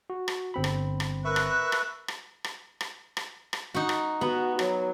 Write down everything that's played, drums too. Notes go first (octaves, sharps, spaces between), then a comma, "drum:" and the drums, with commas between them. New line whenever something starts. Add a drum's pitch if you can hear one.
F#4
drum: rim click
G1 C4 B5
drum: rim click
drum: rim click
A#4 B4 E5 C#6 F#6
drum: rim click
drum: rim click
drum: rim click
drum: rim click
drum: rim click
drum: rim click
drum: rim click
D#4 F#4
drum: rim click
B3 F#4
F#3, drum: rim click